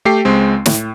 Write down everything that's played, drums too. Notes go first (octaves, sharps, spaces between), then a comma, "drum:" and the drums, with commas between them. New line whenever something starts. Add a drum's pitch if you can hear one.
A3 G4 G5 C7
C#2 G#3 C4
A2, drum: snare